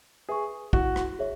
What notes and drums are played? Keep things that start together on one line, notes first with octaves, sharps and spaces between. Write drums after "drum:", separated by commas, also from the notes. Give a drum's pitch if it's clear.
G#4 B4 E5 G#5 C#6
E4 F#4, drum: kick
drum: rim click
G#4 C#5 E5